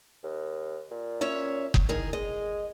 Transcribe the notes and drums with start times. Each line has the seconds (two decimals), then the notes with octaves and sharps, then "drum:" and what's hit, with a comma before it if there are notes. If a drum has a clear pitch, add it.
0.23 D#2
0.91 A#2
1.21 C#4 C#5 E5
1.74 drum: kick F#1
1.89 D#3 G#4 A#4
2.13 G#3 D#5